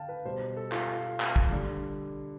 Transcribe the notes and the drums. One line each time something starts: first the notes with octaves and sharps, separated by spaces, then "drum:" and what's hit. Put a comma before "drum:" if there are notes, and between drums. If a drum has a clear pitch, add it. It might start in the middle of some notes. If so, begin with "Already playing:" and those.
Already playing: D3 F5 G5 A5
B4
B2 G3 C5
A4
F4, drum: clap
drum: clap
drum: kick
D3 G3